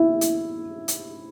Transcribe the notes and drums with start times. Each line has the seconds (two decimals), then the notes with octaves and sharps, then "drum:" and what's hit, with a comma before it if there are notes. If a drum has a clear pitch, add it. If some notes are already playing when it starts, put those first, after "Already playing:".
Already playing: E4
0.21 drum: hi-hat
0.88 drum: hi-hat